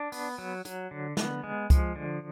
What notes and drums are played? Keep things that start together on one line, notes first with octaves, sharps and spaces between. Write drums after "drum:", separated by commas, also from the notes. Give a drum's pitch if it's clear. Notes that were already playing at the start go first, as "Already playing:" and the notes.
Already playing: D4
B3, drum: open hi-hat
F#3
F#3, drum: hi-hat
D3
B3, drum: snare
G#3
F3, drum: kick C#2, hi-hat
D3